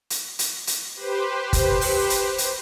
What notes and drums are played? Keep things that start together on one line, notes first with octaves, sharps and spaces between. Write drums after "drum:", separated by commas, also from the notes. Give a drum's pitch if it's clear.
drum: hi-hat
drum: hi-hat
drum: hi-hat
G4 B4 C5
drum: kick, hi-hat
drum: open hi-hat
drum: hi-hat
drum: hi-hat